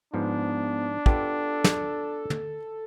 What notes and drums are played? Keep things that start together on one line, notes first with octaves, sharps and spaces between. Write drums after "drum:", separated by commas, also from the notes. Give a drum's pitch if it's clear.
G#2 F3 B3 D4
B3 F4 G4 A4, drum: kick
drum: snare
drum: tom